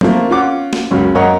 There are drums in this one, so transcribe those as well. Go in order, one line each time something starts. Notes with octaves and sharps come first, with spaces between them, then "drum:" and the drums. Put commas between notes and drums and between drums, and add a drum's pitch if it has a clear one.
F3 A3 A#3 C4, drum: tom F#3
C#4 F4 F#5 D6
drum: snare
C#2 F#2 F#3 C#4
F#2 A#4 C#5 D#5 F#5 A#5